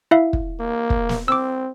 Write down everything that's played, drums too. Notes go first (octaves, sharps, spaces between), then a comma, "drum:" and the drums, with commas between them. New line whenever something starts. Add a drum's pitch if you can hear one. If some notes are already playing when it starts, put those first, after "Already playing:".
E4 E5 F5
drum: kick
A#3
drum: kick
drum: snare
C4 D6 E6